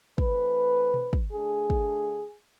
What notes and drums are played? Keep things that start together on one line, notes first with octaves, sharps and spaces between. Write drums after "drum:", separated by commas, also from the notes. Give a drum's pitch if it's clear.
E3 A3 C4 B4, drum: kick
drum: tom B2
drum: kick
D3 A3 D4 G#4
drum: kick